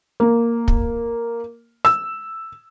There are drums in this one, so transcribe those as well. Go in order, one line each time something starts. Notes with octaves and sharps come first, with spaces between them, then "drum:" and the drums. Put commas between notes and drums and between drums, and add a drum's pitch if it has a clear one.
A#3
drum: kick
E6, drum: rim click